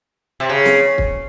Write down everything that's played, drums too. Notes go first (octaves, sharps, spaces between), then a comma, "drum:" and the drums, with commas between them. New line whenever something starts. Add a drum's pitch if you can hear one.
C3
C#3
drum: snare
drum: kick